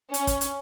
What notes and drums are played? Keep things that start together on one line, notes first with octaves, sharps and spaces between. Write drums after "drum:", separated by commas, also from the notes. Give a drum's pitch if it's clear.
C#4, drum: hi-hat
drum: kick, hi-hat
drum: hi-hat